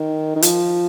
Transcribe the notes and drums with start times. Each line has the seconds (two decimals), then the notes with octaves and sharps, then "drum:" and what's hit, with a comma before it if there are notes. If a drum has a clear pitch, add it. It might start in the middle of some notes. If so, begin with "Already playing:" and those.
Already playing: D#3
0.35 D#3
0.42 F3, drum: hi-hat